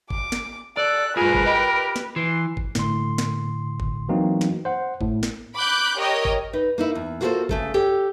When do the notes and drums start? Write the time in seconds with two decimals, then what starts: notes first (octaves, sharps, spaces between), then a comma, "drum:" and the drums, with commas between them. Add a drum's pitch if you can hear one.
0.10 D6, drum: kick
0.32 drum: snare
0.77 A4 D5 F#6
1.17 G2 F4 G#4 A#4 B4
1.34 drum: kick
1.46 G4 D#5 B5
1.96 drum: snare
2.16 E3 C6
2.57 drum: kick
2.75 A2 D3 C6, drum: snare
3.18 drum: snare
3.80 drum: kick
4.09 E3 F#3 A#3 C4 D#4 F#4
4.41 drum: snare
4.65 C5 F#5
5.01 A2, drum: kick
5.23 drum: snare
5.55 B5 D6 F#6 G6
5.99 G4 A#4 C#5 D#5
6.25 drum: kick
6.53 D#4 B4
6.78 A#3 D#4 E4
6.95 E2
7.21 A#3 F4 F#4 G#4 A4 C5
7.49 C#3 A3 A4, drum: kick
7.74 G4 A4 C#5 G5